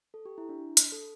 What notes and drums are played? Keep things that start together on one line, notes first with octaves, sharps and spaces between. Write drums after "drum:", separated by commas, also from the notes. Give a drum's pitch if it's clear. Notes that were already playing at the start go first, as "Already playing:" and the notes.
A4
G4
E4
D4
drum: hi-hat
A4